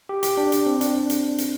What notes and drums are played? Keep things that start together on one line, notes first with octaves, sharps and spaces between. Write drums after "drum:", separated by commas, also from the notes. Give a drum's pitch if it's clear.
G4
G4, drum: hi-hat
D4
drum: hi-hat
C4
D4, drum: hi-hat
drum: hi-hat
drum: hi-hat